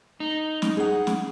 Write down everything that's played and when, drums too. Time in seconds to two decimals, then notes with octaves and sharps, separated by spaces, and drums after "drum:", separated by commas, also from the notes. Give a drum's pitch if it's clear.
0.20 D#4
0.62 drum: snare
0.77 G#4 F#5
1.07 drum: snare